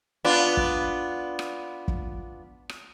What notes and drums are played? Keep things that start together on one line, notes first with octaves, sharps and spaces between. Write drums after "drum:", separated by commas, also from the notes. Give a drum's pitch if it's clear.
B3 D4 F4
drum: kick
drum: rim click
drum: kick
drum: rim click